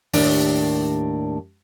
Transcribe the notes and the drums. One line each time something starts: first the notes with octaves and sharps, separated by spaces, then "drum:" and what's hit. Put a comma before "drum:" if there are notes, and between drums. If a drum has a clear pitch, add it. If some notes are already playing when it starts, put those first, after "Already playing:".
D#2 A2 D4 G4 A#4 D5, drum: open hi-hat